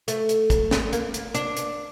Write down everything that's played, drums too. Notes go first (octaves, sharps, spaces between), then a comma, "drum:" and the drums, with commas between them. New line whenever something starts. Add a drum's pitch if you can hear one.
A3, drum: hi-hat
drum: hi-hat
drum: kick, hi-hat
drum: snare
A#3, drum: hi-hat
drum: hi-hat
D4, drum: hi-hat
drum: hi-hat